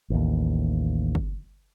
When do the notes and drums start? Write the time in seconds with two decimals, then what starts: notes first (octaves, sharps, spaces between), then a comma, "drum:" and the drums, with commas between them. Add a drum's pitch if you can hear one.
0.10 A1 D#2
1.15 drum: kick